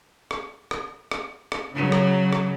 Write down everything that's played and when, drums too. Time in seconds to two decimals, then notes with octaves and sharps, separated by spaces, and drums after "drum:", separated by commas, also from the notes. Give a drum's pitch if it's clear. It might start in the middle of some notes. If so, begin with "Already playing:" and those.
0.31 drum: rim click
0.71 drum: rim click
1.11 drum: rim click
1.52 drum: rim click
1.72 C#3 F#3
1.92 drum: rim click
2.33 drum: rim click